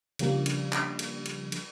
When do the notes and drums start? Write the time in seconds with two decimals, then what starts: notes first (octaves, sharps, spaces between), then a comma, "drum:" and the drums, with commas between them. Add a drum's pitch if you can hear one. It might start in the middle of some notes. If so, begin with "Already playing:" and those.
0.19 C#3 F3 G3 A#3 D4, drum: cymbal
0.46 drum: cymbal
0.73 drum: clap
0.99 drum: cymbal
1.26 drum: cymbal
1.52 drum: cymbal